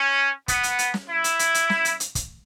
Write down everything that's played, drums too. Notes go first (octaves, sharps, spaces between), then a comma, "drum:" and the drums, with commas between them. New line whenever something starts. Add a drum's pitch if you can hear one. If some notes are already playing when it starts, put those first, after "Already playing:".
Already playing: C#4
B3, drum: kick, hi-hat
drum: hi-hat
drum: hi-hat
drum: snare
E4
drum: hi-hat
drum: hi-hat
drum: hi-hat
drum: snare
drum: hi-hat
drum: hi-hat
drum: kick, hi-hat